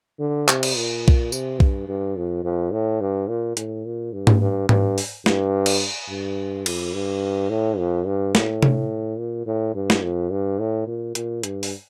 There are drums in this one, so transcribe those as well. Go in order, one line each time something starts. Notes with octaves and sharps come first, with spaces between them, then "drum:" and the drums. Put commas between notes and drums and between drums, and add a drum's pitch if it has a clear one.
D3
C3, drum: clap
drum: cymbal
A#2
drum: kick B1
C3, drum: tambourine
G2, drum: kick B1
G2
F2
F2
A2
G2
A#2
A2, drum: hi-hat
A#2
G2
drum: tom G#2
G2
G2, drum: tom G#2
drum: open hi-hat
G2, drum: snare
drum: cymbal
G2
F2, drum: cymbal
G2
A2
F2
G2
A2, drum: snare
drum: tom C3
A#2
A2
G2
drum: snare
F2
G2
A2
A#2
A#2, drum: hi-hat
G2, drum: hi-hat
drum: open hi-hat